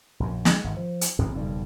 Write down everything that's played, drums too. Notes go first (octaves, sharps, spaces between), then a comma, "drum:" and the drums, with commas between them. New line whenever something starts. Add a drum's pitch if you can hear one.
A#1 F#2
G#3, drum: snare
G#1
F3
drum: hi-hat
A1 A2 C#3 C4
F#1 B1 F2 G3